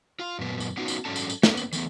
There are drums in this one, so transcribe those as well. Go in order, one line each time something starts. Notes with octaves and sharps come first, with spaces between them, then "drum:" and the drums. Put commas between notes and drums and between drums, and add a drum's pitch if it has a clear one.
F4 F5
F#2 A#2 B3
drum: tambourine
B3 C#4 D#4 F4 F#4
drum: tambourine
G#2 F#3 C#4 D4 A4 A5
drum: tambourine
drum: tambourine
A#3 B3 C#4 B4, drum: snare
drum: tambourine
E3 A3 B3, drum: tambourine